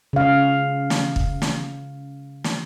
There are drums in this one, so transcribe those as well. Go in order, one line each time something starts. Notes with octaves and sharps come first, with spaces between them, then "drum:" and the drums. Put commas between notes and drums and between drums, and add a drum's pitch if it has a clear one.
C#3 F5
drum: snare
drum: kick
drum: snare
drum: snare